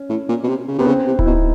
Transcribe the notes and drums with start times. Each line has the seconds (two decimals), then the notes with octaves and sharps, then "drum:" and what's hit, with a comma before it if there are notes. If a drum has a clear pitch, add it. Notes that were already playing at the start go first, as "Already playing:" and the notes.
Already playing: C#4
0.10 A2
0.29 A#2
0.43 B2
0.48 C3
0.68 C#3
0.78 C3 B3
0.87 C#3 C4
1.07 C3
1.19 E4, drum: kick D1
1.26 B2 D#4